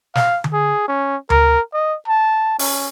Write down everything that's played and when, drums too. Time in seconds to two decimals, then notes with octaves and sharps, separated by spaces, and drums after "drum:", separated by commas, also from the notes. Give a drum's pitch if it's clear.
0.15 F5, drum: snare
0.44 drum: tom D3
0.53 G#4
0.88 C#4
1.30 A#4, drum: tom D2
1.73 D#5
2.08 A5
2.59 C#4, drum: open hi-hat